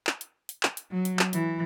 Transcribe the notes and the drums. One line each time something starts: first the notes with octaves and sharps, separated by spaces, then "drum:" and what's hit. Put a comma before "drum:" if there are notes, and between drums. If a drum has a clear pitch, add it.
drum: clap
drum: hi-hat
drum: hi-hat
drum: clap
drum: hi-hat
F#3
drum: hi-hat
drum: clap
E3, drum: hi-hat